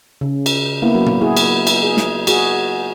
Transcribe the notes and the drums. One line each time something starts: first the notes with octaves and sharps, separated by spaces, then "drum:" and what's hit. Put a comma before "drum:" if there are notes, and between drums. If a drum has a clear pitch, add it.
C#3
drum: cymbal
A#3 B3 E4
F#3
drum: tom
E4 F#4 G#4
drum: cymbal
drum: cymbal
G#4
drum: snare
F#4 G#4, drum: cymbal